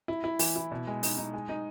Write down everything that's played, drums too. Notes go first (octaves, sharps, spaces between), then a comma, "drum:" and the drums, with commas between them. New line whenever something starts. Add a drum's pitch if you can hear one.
E4
E4
E3, drum: open hi-hat
E4
B2
G#3
D#4, drum: open hi-hat
D#4
G#3
D#4